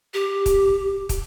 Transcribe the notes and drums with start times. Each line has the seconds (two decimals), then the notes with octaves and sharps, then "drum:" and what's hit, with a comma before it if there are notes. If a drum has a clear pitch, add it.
0.14 G4
0.46 drum: kick, hi-hat
1.09 drum: kick, hi-hat